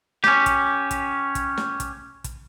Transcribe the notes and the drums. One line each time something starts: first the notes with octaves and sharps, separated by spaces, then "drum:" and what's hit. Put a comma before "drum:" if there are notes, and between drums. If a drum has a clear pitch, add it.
C#4 G4, drum: snare
drum: kick, hi-hat
drum: kick, hi-hat
drum: kick, hi-hat
drum: snare
drum: kick, hi-hat
drum: kick, hi-hat